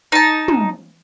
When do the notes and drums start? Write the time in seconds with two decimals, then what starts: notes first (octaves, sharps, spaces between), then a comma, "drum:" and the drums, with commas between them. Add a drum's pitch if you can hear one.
0.12 D#4 A5
0.48 drum: tom